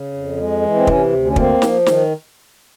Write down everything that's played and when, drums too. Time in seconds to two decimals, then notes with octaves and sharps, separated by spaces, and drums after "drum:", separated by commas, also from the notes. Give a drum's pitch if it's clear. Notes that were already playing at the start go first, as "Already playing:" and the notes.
Already playing: C#3
0.13 F2
0.38 G#3
0.62 E3
0.75 C4
0.87 C3 C#4, drum: kick
1.12 D2
1.26 C#4
1.36 A#3 C4, drum: kick
1.62 F3, drum: snare
1.86 D#3, drum: snare